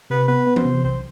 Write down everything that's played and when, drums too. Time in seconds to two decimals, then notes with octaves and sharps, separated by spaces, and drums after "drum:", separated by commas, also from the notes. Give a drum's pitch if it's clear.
0.10 C3 B4
0.28 B3 B4
0.47 B3
0.56 C5, drum: tom E3
0.65 C3
0.84 B1 C5